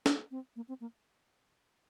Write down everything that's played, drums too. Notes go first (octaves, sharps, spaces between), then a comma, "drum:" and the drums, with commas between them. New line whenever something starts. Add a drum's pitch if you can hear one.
D4, drum: snare
C4
A#3
C4
A#3